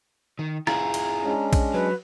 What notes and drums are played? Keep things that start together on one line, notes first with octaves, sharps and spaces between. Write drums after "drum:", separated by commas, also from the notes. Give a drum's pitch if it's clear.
D#3
E4 F4 G#4 A#5, drum: rim click
drum: cymbal
G#3 C#4 D4
drum: kick A#1, cymbal
F#3 B4